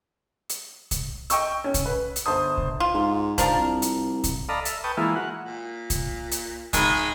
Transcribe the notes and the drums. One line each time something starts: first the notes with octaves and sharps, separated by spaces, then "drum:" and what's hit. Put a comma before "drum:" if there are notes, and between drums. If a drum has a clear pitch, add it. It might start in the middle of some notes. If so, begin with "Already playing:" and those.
drum: hi-hat
drum: kick C2, hi-hat
D#5 G5 C#6 E6, drum: hi-hat
C#4
drum: kick C2, hi-hat
B4
drum: hi-hat
G1 C5 A5 D#6
drum: kick C2
F4
G#2
F3 D4 A#4, drum: kick C2, hi-hat
C2
drum: hi-hat
drum: kick C2, hi-hat
A4 D5 D#5 F5 A#5 B5
E5, drum: hi-hat
B4 G5 A5 C#6 D#6
E3 G#3 A#3 E4 F4
F#4 F#5
A#2
drum: kick C2, hi-hat
drum: hi-hat
G#1 G#3 A#4 B5, drum: kick C2, hi-hat